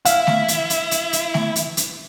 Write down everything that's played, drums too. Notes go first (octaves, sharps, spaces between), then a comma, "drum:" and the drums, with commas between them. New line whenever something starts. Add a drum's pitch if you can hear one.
E4 F5, drum: hi-hat
drum: snare A3
drum: hi-hat
drum: hi-hat
drum: hi-hat
drum: hi-hat
drum: snare A3
drum: hi-hat
drum: hi-hat